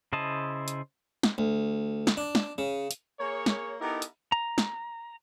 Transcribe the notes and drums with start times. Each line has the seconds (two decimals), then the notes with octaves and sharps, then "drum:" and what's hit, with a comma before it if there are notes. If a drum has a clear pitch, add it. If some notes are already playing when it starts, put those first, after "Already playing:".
0.13 C#3 E4 C5 D#5 A5
0.68 drum: hi-hat
1.23 drum: snare
1.38 D2
2.07 drum: snare
2.17 D4
2.35 drum: snare
2.58 C#3
2.91 drum: hi-hat
3.18 A#3 G#4 A#4 C#5
3.46 drum: snare
3.80 B3 D#4 E4 G4 A4 A#4
4.02 drum: hi-hat
4.32 A#5
4.58 drum: snare